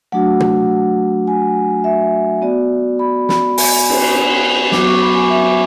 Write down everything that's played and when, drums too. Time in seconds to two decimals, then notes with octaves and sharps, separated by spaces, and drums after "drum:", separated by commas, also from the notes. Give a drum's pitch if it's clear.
0.12 F#3 A3 D4 F#4 F#5
0.40 drum: tom
1.27 G#5
1.84 E5
2.42 B3 F#4 D5
2.99 B5
3.29 B5, drum: snare
3.58 G#5, drum: open hi-hat
3.90 drum: cymbal
4.72 F#3 B3 F#4 D6, drum: snare
4.87 C#6
5.00 B5
5.15 G#5
5.30 E5